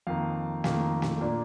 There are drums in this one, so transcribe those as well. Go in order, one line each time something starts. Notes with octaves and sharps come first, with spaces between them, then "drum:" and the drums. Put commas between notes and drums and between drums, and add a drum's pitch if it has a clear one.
F2 D#3 A#3 F5
F2 D#3 A#3 F5, drum: snare
drum: snare
A#2 F3 A#3 D4